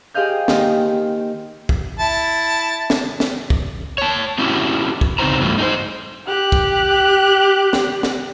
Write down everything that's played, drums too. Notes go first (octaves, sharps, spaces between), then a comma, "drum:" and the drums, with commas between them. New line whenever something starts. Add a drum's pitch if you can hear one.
G4 G#4 C5 D#5 F5 G6
D#3 A#3 C5 D#5, drum: snare
drum: kick
E4 A5
drum: snare
drum: snare
drum: kick
C#5 A5
C4 C#4 E4 F#4 G4
drum: kick
C#3 C4 D#4 F4 C5 A#5
G2 E3 F#3 A3 F4
D#4 G#4 C5
G4 F#6
drum: kick
drum: snare
drum: snare